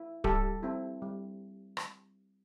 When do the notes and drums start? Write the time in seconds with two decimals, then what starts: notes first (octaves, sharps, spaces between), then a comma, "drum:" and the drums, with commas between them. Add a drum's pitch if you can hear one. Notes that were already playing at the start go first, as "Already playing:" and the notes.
Already playing: E4
0.24 G3 G4 A4, drum: kick D1
0.63 C4 E4
1.02 G3
1.77 drum: rim click